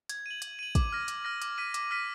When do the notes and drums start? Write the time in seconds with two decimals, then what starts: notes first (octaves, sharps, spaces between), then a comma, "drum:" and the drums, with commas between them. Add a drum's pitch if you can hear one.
0.09 G#6, drum: hi-hat
0.26 D#7 F#7
0.42 G#6, drum: hi-hat
0.59 D#7 F#7
0.75 D6, drum: kick, hi-hat
0.92 F6 A#6
1.08 D6, drum: hi-hat
1.25 F6 A#6
1.42 D6, drum: hi-hat
1.58 F6 B6 D#7
1.74 D6, drum: hi-hat
1.91 F6 B6 D#7